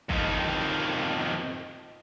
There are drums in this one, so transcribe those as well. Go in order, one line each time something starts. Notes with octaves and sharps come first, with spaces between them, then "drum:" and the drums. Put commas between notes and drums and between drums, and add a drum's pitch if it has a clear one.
F2 D#3, drum: kick
drum: tom C#3